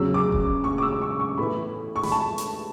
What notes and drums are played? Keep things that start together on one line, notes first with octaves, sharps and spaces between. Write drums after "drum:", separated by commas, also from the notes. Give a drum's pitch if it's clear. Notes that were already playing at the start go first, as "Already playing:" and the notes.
Already playing: E2 C#3 F#3 E6
D6
drum: kick E1
C#6
D6
E6
D6
C#6
C#6
A2 E3 B3 E4 B5
C#6
B5, drum: snare
A5
drum: hi-hat